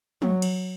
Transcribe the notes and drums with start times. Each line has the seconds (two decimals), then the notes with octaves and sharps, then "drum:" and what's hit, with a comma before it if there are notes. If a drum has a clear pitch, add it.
0.22 F#3, drum: tom
0.42 drum: cymbal